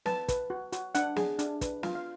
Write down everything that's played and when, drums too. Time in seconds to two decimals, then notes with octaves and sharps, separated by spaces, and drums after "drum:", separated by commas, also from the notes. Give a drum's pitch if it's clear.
0.06 B4 A5, drum: snare
0.28 B4, drum: kick, hi-hat
0.50 F#4
0.72 F#4, drum: hi-hat
0.95 D4 F#5, drum: hi-hat
1.16 G#4, drum: snare
1.39 D4, drum: hi-hat
1.61 B4, drum: kick, hi-hat
1.83 F4 F5, drum: snare
1.95 F5